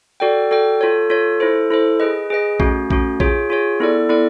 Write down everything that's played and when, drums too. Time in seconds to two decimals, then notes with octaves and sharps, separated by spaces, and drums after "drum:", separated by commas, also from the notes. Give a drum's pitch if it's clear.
0.20 F#4 A4 D5 G5
0.51 F#4 A4 D5 G5
0.81 F4 A4 C#5
1.10 F4 A4 C#5
1.40 E4 A4 C5
1.71 E4 A4 C5
2.00 G#4 B4 D#5
2.30 G#4 B4 D#5
2.60 A3 C#4 F#4, drum: kick A#1
2.90 A3 C#4 F#4, drum: kick A#1
3.20 F4 G#4 C#5, drum: kick A#1
3.50 F4 G#4 C#5
3.80 B3 E4 A4 D5
4.09 B3 E4 A4 D5